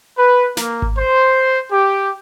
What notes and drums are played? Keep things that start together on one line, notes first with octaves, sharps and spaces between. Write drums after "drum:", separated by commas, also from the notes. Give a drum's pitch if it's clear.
B4
A#3, drum: snare
drum: kick G#1
C5
G4